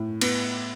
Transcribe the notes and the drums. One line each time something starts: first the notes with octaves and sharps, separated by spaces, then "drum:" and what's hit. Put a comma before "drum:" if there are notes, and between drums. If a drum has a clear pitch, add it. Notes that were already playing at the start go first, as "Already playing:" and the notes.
Already playing: A2
B3, drum: cymbal